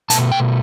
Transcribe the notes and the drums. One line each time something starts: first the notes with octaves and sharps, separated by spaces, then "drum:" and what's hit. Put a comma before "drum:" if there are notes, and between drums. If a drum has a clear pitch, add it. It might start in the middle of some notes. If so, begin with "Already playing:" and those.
B2 A3 A5, drum: hi-hat
G5